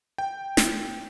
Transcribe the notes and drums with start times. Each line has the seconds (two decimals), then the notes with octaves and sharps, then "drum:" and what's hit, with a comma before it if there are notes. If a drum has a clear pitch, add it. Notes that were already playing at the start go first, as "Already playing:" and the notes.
0.18 G5
0.57 drum: snare